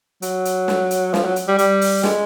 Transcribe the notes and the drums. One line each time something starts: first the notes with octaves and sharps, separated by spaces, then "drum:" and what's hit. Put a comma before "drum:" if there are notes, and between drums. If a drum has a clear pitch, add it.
F#3, drum: hi-hat
drum: hi-hat
drum: snare
drum: hi-hat
F3, drum: snare
F#3
drum: hi-hat
G3
G3, drum: hi-hat
drum: open hi-hat
G#3, drum: snare